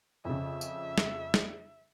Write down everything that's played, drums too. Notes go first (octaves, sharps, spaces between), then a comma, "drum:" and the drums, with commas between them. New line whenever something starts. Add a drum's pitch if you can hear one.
F2 C#3 E5
drum: tambourine
drum: snare
drum: snare